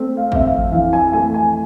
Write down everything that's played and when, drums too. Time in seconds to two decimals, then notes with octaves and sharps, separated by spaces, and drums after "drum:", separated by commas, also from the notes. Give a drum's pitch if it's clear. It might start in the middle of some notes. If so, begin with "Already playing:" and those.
Already playing: A3 C4
0.17 F5
0.32 F2 E5, drum: kick
0.45 F5
0.72 E3 F5
0.93 G#5
1.13 A3 G#5
1.34 G#5